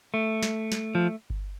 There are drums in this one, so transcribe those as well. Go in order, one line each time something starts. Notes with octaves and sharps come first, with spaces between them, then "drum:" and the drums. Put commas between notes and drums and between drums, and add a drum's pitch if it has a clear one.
A3
drum: snare
drum: snare
F3
drum: kick G1